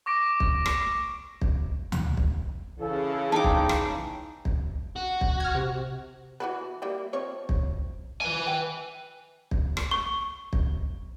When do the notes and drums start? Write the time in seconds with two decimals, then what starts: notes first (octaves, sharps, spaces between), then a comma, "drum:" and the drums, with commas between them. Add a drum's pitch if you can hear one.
0.06 C#6 D6 A#6 D7
0.40 drum: kick
0.66 drum: rim click
1.42 drum: kick
1.92 drum: tom D2
2.17 drum: kick
2.79 C#3 E3 A4
3.32 D#4 G5 A5 D6
3.44 drum: kick
3.69 drum: rim click
4.45 drum: kick
4.96 F#4
5.21 drum: kick
5.40 F6 G#6
5.55 C3
6.40 E3 F#4 B4
6.82 G3 A#3 E4
7.13 F3 C4 C#5
7.49 drum: kick
8.21 B4 G#5
8.47 G5
9.51 drum: kick
9.77 drum: rim click
9.91 C#6
10.53 drum: kick